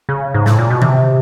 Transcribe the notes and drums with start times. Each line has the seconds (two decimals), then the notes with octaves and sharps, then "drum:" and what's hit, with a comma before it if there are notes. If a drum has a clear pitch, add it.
0.09 C#3
0.34 G#2
0.46 A2, drum: snare
0.58 A#2
0.70 B2
0.82 C3, drum: tom D3